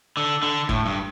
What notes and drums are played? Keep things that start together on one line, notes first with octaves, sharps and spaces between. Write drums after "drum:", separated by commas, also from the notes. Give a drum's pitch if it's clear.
D3
D3
A2, drum: kick
G2